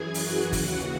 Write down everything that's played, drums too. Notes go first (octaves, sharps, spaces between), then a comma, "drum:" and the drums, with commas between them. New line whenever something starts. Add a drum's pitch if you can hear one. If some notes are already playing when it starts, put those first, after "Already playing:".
Already playing: F#2 E3 G#4 G#5
F#4 F#5, drum: open hi-hat
D#2 C#3 E3, drum: kick, open hi-hat